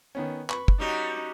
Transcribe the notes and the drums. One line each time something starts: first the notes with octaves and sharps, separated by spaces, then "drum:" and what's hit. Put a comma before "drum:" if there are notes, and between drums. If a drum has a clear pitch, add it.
D#3 B3 C#4
B4 B5 C#6, drum: clap
drum: kick
G3 C#4 D#4 F#4